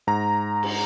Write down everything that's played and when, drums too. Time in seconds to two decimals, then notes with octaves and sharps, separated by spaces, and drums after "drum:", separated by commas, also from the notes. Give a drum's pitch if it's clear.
0.07 G#2 A#5
0.63 drum: cymbal